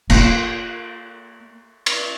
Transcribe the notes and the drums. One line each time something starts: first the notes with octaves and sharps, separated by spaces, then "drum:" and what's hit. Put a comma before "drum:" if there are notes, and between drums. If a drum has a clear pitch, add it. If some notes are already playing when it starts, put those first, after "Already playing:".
A#3 F4, drum: cymbal
drum: cymbal